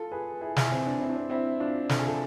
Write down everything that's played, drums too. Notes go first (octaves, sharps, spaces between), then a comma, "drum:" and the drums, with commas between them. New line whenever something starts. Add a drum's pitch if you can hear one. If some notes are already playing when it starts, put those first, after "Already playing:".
Already playing: F4 A4
G#4 B4
E4 G#4
E4 G#4, drum: snare
C4
D4
C4 E4
D4
C4
C4 E4
D4 F4
A4, drum: snare
G#4
F4 A4